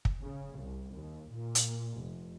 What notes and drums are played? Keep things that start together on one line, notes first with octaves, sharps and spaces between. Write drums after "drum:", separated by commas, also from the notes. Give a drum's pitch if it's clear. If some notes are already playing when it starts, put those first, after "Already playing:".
drum: kick
C#3
C2
D#2
A#2
drum: hi-hat
F1